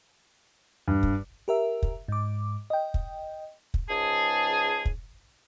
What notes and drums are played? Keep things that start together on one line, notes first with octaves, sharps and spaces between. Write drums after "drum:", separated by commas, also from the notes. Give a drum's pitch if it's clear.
G2
drum: kick
G4 A#4 E5
drum: kick
G#2 D6
D#5 G5
drum: kick
drum: kick
C#2 G#2 G#4 A5
drum: kick